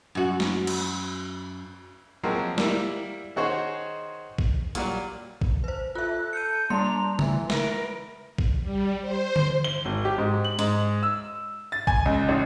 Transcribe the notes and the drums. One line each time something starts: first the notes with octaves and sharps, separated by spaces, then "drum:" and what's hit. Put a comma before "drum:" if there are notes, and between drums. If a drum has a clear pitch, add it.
F#2 F#4
drum: snare
drum: cymbal
F3 F#3 G#3 A#3 C4
G3 A#3 E4, drum: snare
D#3 D#4 F#4 G#4 C5 C#5
drum: kick
A#2 F#3 G3, drum: hi-hat
drum: kick
B4 C5
F4 A4 E5 F#6
G6 C#7 D#7
G3 A#3 D4 A#5 C6
E3, drum: tom C#3
A#4 B4 E5, drum: snare
drum: kick
G3
C5
drum: tom D3
G7
G#1
G4
G#2
F#7
G#2, drum: hi-hat
E6
A6
G#5, drum: kick
C#2
A1